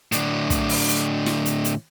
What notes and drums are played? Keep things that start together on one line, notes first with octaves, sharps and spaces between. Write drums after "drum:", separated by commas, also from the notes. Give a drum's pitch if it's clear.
A2 D3, drum: hi-hat
drum: kick, hi-hat
drum: open hi-hat
drum: hi-hat
drum: snare
drum: hi-hat
drum: hi-hat